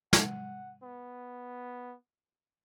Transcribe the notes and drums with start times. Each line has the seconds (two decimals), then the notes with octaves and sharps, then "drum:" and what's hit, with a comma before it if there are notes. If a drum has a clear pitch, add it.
0.13 F#5, drum: snare
0.83 B3